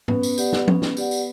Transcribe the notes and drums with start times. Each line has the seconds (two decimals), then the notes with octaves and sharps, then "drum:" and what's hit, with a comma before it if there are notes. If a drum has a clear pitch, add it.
0.08 B3 C#4, drum: tom G#2
0.23 drum: tambourine
0.38 G4 D5 F#5, drum: tambourine
0.53 drum: snare
0.68 C#4, drum: tom F3
0.82 drum: snare
0.97 G4 D5 F#5, drum: tambourine
1.11 drum: tambourine